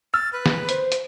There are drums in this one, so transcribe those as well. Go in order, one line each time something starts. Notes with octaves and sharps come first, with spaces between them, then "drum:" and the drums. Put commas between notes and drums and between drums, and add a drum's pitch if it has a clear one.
E6 F6 A6
B4
drum: snare
C5, drum: hi-hat
drum: hi-hat